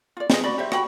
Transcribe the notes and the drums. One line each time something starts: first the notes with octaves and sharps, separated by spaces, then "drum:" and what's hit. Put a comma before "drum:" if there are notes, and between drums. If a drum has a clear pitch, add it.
F4 D5
F4 G#4 D#5, drum: snare
F#4 D5 B5
G4 C5 E5
F#4 G5 B5, drum: rim click